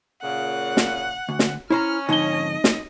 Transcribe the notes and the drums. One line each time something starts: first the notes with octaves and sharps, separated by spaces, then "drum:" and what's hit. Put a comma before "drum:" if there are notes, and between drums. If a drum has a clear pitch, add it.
A#2 C#3 F#5
drum: snare
D2
drum: snare
C#4 E4 C5 A#5 F6
F2 G#2 D3 D#4 D#5 G7
drum: snare